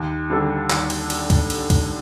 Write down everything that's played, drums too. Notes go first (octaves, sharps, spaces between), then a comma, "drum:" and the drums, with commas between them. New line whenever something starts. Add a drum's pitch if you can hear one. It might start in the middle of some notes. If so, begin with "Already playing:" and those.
Already playing: D#2
D3 G3 D4 A4
D#2, drum: clap
drum: cymbal
drum: cymbal
drum: kick, cymbal
drum: cymbal
drum: kick, cymbal